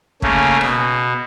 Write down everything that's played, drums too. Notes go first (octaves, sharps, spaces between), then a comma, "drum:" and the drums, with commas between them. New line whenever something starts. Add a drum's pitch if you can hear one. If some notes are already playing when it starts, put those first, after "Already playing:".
C#3 A3 A#3 C#4, drum: kick
B2, drum: rim click